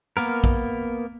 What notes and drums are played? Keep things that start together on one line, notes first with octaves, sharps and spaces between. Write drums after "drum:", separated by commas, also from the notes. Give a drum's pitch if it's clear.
A#3 B3 A#4
drum: kick A#1